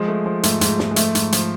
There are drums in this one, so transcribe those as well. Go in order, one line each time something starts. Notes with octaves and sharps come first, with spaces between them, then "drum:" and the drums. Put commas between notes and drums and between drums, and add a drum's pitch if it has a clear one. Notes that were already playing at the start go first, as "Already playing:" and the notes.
Already playing: F3 G#3
A3
F3
G#2 A3, drum: hi-hat
G#2, drum: hi-hat
G#2, drum: snare
G#3
F3 A3, drum: hi-hat
G#2, drum: hi-hat
F3, drum: hi-hat